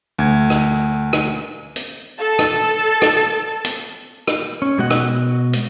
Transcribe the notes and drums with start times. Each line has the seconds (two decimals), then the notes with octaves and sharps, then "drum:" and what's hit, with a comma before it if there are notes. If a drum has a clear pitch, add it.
0.19 D2 G#6
0.50 drum: rim click
1.13 drum: rim click
1.76 drum: hi-hat
2.19 A4 A5
2.39 drum: rim click
3.02 drum: rim click
3.65 drum: hi-hat
4.27 drum: rim click
4.62 C#4
4.78 B2 G#3 F#4 D#5 F#5
4.90 drum: rim click
5.53 drum: hi-hat